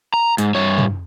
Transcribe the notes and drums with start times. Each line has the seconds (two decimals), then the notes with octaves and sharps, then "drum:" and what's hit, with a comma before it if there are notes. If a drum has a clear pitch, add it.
0.14 A#5
0.38 G#2, drum: hi-hat
0.55 G2 C#5
0.78 drum: tom